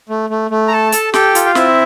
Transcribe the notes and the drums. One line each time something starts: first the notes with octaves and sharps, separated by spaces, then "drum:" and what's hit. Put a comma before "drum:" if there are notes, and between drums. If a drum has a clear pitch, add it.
A3
A3
A3
A#5
A4 A5
A4, drum: hi-hat
G4 A4 G5, drum: snare
F4, drum: hi-hat
F5
C4 E4 E5, drum: snare